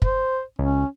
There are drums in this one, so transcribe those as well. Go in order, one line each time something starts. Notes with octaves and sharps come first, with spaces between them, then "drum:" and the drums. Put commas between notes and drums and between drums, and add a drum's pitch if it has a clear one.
C5, drum: kick
C#2 C#4